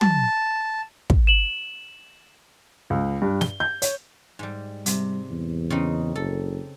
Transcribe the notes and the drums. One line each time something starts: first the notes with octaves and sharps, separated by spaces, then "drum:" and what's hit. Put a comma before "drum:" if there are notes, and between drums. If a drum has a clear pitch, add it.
A5, drum: tom
drum: kick
E7 F#7
C#2
G2
G7, drum: snare
G6
C#5, drum: hi-hat
G#2 G3
C3 G3, drum: hi-hat
E2
C#3 C4 D#4
F#1 A4